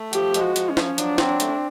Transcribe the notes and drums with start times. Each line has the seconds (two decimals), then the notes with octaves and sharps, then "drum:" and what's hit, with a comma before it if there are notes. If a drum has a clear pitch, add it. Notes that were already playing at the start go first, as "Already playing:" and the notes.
Already playing: A3
0.13 F3 G4, drum: hi-hat
0.34 G#3, drum: hi-hat
0.41 F#4
0.56 F3, drum: hi-hat
0.70 C#4
0.77 F3, drum: snare
0.98 F#3 D4, drum: hi-hat
1.18 C4, drum: snare
1.26 D4
1.40 A3, drum: hi-hat